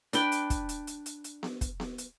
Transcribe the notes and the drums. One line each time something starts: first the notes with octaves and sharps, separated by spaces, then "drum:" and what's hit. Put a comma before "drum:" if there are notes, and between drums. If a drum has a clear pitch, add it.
D4 B4 G5, drum: hi-hat
drum: hi-hat
drum: kick, hi-hat
drum: hi-hat
drum: hi-hat
drum: hi-hat
drum: hi-hat
drum: snare B3
drum: kick, hi-hat
drum: snare B3
drum: hi-hat